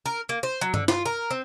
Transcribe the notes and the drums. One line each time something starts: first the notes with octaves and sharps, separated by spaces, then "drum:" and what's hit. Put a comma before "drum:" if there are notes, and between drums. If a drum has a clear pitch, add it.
A#4
A#3
C5
F#3
D3, drum: tom G2
F4, drum: snare
A#4
C4